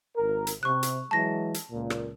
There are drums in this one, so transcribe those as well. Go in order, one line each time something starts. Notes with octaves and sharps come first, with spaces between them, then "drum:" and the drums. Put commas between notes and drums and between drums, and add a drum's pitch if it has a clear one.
G#1 A#4
drum: hi-hat
C3 C#6 F#6
drum: hi-hat
E3 F#3 G#3 A5 A#6
drum: hi-hat
C#2 A#2
drum: rim click